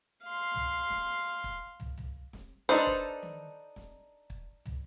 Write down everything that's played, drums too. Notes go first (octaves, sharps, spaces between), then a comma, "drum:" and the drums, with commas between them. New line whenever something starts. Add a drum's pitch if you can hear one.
F5 C6
drum: tom
drum: snare
drum: kick
drum: tom
drum: tom
drum: snare
D4 D#4 A4 B4 C5
drum: kick
drum: tom D#3
drum: snare
drum: kick
drum: tom